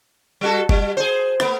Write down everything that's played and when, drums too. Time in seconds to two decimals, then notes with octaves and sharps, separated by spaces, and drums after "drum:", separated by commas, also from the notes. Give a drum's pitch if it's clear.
0.41 G3 F#4 A4
0.69 G3, drum: kick F#1
0.97 G#4 C5
1.40 A3 B3, drum: rim click